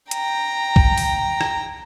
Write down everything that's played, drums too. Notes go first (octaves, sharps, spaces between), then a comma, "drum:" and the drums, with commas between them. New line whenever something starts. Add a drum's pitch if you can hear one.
G5 A#5, drum: hi-hat
drum: kick
drum: open hi-hat
drum: rim click